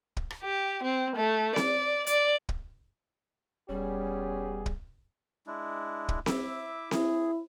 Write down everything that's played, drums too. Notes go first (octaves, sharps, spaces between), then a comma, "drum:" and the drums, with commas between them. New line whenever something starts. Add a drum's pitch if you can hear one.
drum: kick
drum: rim click
G4
C4
A3
D5, drum: snare C4
D5, drum: hi-hat
drum: kick
E1 G3 B3 C#4 G4 G#4
drum: kick
G#3 D4 E4
drum: kick
E4 E5 D6, drum: snare C4
E4 G#4, drum: snare C4